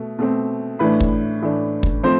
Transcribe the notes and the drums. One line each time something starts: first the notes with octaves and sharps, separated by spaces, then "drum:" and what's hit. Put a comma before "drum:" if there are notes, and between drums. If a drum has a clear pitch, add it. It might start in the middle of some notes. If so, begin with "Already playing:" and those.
Already playing: B2 A3
B2 A3 C4
A2 E3 A3 D4 B4 B5
drum: kick
A2 E3 A3 D4
drum: kick
F3 A3 C4 C5 C6